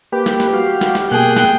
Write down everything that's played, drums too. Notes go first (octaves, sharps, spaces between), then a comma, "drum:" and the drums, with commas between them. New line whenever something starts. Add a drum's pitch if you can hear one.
A#3 G4 B4
drum: snare
drum: snare
F#4 F5
drum: snare
drum: snare
B2 A#3 G#4 G5 F#6
drum: snare